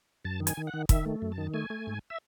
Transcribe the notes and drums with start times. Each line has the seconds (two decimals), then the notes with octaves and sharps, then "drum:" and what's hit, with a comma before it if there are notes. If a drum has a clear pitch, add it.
0.25 F#2 A5
0.40 D#3
0.47 G#5, drum: hi-hat
0.57 D#3
0.67 F#5
0.74 D#3
0.89 D#3 E5, drum: kick, hi-hat
1.06 A3
1.22 F#2
1.32 A5
1.38 D#3
1.54 A3 G#5
1.70 A3
1.87 G#2
2.10 E5